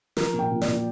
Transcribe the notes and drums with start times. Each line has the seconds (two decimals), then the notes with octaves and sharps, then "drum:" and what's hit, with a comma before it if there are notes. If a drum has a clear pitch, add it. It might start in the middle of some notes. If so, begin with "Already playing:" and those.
0.17 F3 A#4, drum: snare
0.33 A#2
0.39 G5
0.51 A#2
0.61 D5, drum: snare
0.68 A#2